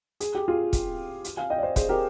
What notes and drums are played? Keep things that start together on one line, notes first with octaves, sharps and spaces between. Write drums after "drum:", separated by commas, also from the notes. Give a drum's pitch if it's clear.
G#4, drum: hi-hat
G4
F4 G#4
drum: kick, hi-hat
drum: hi-hat
F5 G#5
D#5 G5
D5
C5 D#5
G#4 C5, drum: kick, hi-hat
G4 A#4